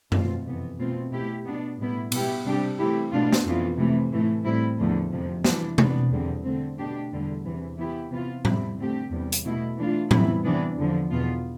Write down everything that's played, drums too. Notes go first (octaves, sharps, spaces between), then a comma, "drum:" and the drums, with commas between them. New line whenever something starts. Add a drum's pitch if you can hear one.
B2 A3 C4 F4, drum: tom F#2
F2 C3 E3 B3
B2 A3 C4 F4
B2 A3 E4 G4
B2 B3 D4
A2 G3 B3 E4
B2 B3 E4 G4, drum: cymbal
C3 G3 D4 G4
E3 A3 C4 E4 G4
B2 A3 D4 F4
drum: snare
F2 E3 B3 F4
C3 E3 A3
A2 E3 A3
A2 G3 C4 E4
E2 D3 F3 A3
F2 C3 F3
E3 G3 D4, drum: snare
C3 E3 B3 D4, drum: tom B2
E2 D3 G3 C4
D3 A3 C4
B2 A3 D4 G4
E2 D3 G3
E2 C3 E3
E3 B3 E4 G4
C3 E3 B3 F4
C3 G3 C4 E4, drum: tom A2
D3 A3 C4 G4
E2 C3 G3
drum: hi-hat
B2 A3 E4
E3 A3 D4 F4
C3 E3 G3 B3 E4, drum: tom A2
C3 E3 G3 B3 D4
E2 D3 F3
E2 B2 B3 F4